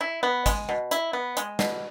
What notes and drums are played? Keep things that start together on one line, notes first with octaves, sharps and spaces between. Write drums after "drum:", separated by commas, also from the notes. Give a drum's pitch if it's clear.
E4
B3
G#3, drum: kick G#1, hi-hat
B2
E4, drum: hi-hat
B3
G#3, drum: hi-hat
B2, drum: snare